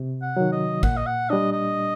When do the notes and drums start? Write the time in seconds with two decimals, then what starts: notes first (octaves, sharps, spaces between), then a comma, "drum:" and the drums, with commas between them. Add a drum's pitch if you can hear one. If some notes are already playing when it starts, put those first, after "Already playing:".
Already playing: C3
0.22 F#5
0.37 D#3 F#3
0.52 D#5
0.83 A#2 F#5, drum: kick
0.97 D#5
1.06 F#5
1.30 G3 D4 D#5
1.52 D#5